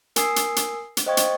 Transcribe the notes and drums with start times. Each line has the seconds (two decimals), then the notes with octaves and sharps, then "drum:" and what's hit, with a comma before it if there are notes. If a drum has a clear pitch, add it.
0.16 A#4 G#5 D#6 E6 C7, drum: hi-hat
0.36 drum: hi-hat
0.56 drum: hi-hat
0.97 drum: hi-hat
1.06 C5 D#5 F5 G5 C#6 G#6
1.17 drum: hi-hat